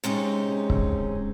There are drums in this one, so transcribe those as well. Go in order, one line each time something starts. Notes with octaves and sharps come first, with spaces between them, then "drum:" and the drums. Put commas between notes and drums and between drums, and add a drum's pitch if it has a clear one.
C3 G#3 C#4 D#4
drum: kick C#1